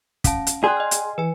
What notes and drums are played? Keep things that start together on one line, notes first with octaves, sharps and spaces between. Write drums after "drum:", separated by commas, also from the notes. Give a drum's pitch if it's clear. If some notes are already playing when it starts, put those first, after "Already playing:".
C#4 F5 A5, drum: kick, hi-hat
drum: hi-hat
G#4 D5 G5 C6 F#6
D#5 F6
drum: hi-hat
E3 B4 G#5